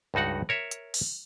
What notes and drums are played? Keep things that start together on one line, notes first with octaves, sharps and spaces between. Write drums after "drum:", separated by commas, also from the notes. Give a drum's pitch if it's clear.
C#2 G2 D#4 F#4 F#5
A#4 C#5 E5
drum: hi-hat
drum: open hi-hat